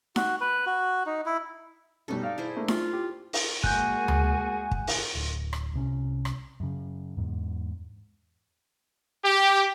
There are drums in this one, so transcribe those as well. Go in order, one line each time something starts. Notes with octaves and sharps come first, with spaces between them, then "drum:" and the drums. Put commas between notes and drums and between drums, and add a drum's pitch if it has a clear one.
F#4, drum: snare D#4
B4
F#4
D#4
E4
F#2 B2 G3 D#4 A4
D5 F5
E4 G#4 C5
A3 A#3 D4
F4, drum: snare D#4
G4
drum: open hi-hat
G#3 A#3 F#4 G#4 G#5 F#6 G6, drum: kick
drum: tom D2
drum: kick
drum: open hi-hat
D1
drum: rim click
C2 C3 C#4
drum: rim click
F#2 C#3
E2 G#2
G4